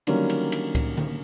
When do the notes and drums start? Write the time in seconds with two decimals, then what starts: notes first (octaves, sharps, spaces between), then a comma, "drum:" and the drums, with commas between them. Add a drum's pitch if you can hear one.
0.07 D3 D#3 F#3 G3 A#3 C#4, drum: cymbal
0.30 drum: cymbal
0.52 drum: cymbal
0.75 drum: kick C#2, cymbal
0.97 drum: tom D3